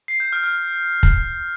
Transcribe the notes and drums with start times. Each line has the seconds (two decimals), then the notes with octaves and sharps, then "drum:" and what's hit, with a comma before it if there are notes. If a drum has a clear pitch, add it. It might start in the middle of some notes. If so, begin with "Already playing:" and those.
0.08 C7
0.20 G6
0.33 F6
0.44 F6
1.03 drum: kick